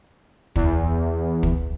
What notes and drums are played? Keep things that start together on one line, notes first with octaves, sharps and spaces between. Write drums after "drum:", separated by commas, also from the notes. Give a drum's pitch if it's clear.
E2, drum: kick
drum: kick